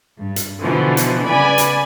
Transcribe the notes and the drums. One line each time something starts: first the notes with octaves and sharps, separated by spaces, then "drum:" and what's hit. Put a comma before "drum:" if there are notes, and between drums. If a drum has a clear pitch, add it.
G2
drum: hi-hat
B2 D3 E3 F3 B3
drum: hi-hat
C#3 B3 D5 G#5 B5
drum: hi-hat